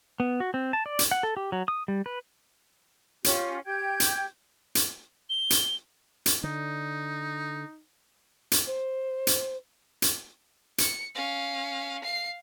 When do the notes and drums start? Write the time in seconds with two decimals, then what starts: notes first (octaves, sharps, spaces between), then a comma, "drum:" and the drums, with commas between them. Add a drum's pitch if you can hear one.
0.20 B3
0.40 F#4
0.54 C4
0.73 A5
0.86 D5
0.99 drum: hi-hat
1.11 F#5
1.23 A4
1.37 G4
1.52 F#3
1.68 D#6
1.88 G3
2.06 B4
3.24 C#4 F4 G4, drum: hi-hat
3.65 G4 G5 G6 G#6
4.00 drum: hi-hat
4.75 drum: hi-hat
5.30 G7
5.50 drum: hi-hat
6.26 drum: hi-hat
6.44 D3 D#4
8.52 drum: hi-hat
8.66 C5
9.27 drum: hi-hat
10.02 drum: hi-hat
10.78 C#7, drum: hi-hat
11.15 C#4 F5
12.04 F5 C7